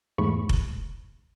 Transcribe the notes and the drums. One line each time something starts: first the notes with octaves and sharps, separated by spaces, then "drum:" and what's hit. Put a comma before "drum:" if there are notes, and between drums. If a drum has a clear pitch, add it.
E2 G#2 A3 B5 C#6
drum: kick F1